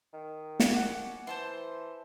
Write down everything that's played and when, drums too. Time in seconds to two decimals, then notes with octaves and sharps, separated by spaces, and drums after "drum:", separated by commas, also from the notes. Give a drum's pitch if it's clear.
0.13 D#3
0.60 drum: snare
0.72 C#4 F#5 D6
1.27 E3 C5 A5 C6